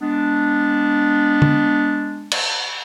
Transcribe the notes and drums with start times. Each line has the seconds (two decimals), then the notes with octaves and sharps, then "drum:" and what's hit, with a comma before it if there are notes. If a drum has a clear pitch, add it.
0.01 G#3 B3 D4
1.42 drum: tom
2.32 drum: cymbal